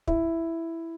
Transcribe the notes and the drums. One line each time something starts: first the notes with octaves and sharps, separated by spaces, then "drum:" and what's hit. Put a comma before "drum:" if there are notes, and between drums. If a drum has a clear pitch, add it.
E4, drum: kick